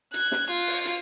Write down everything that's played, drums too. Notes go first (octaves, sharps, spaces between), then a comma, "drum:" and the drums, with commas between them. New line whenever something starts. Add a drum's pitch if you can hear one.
F#6 G#6, drum: hi-hat
drum: snare
F4
drum: open hi-hat
drum: hi-hat